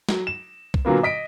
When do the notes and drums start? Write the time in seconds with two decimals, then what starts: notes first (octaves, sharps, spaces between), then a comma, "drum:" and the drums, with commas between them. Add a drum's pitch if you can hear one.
0.09 F#3, drum: snare
0.27 E7
0.74 drum: kick B1
0.85 A#2 D3 F#3 A#3 B3
1.03 D#5 B6 D7